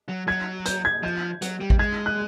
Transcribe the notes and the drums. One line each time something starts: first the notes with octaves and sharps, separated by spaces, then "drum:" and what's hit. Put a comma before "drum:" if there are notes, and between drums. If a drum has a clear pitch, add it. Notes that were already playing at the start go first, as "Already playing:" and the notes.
F#3
F#3 G#6
G6, drum: hi-hat
G#6
F3 G6
F#3, drum: hi-hat
G3
drum: kick A1
G#3 G#6
F#6